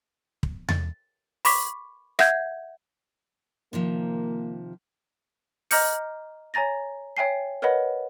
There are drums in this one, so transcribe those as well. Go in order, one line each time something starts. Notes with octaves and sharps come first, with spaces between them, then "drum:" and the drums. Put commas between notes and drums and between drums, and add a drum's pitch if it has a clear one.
drum: kick
A6, drum: tom E2
B5 C#6 D6 B6, drum: open hi-hat
E5 F#5 G6 G#6, drum: rim click
C3 D#3 F3 A#3
D#5 A#5 D6 F6 G6 C#7, drum: open hi-hat
C#5 G#5 A#5 A6 A#6
C#5 E5 G5 G#5 C7
A#4 B4 C#5 D#5 F#5 B5